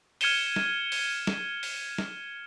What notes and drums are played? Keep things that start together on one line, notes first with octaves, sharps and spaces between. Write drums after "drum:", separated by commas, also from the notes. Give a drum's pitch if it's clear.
F6 G#6 C#7 D#7 E7 G7, drum: open hi-hat
drum: snare
drum: open hi-hat
drum: snare
drum: open hi-hat
drum: snare